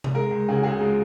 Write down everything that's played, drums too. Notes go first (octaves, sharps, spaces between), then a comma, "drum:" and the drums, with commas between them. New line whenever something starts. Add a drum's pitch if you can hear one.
drum: tom C3
G#3 A#4
C#2
C#3 G#4
F#4
C#2 G#4
G#3 F4